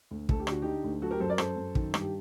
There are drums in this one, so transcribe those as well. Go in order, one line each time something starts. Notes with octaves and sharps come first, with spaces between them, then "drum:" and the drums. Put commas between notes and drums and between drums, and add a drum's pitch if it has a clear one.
D2
D2 A4, drum: kick
G4
D3 F#4, drum: rim click
D3 D#4 G4
D2
F#3 F#4 A4
G4 A#4
F#2 A4 C5
A#4 D5
F#2 A4 C5, drum: rim click
F#2
D#3, drum: kick
G2, drum: rim click
G4